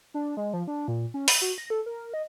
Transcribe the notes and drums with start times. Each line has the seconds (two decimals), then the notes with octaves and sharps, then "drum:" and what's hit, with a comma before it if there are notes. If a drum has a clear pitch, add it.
0.14 D4
0.37 G#3
0.53 F3
0.68 D4
0.88 A#2
1.14 C#4
1.28 B5, drum: open hi-hat
1.42 F#4
1.58 A#6
1.70 A4
1.86 A#4
2.14 D#5